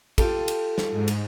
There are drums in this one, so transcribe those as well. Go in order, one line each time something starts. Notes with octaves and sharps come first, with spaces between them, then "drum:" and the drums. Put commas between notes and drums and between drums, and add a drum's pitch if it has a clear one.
F4 G4 A4, drum: kick, cymbal
drum: cymbal
drum: snare
G#2
drum: cymbal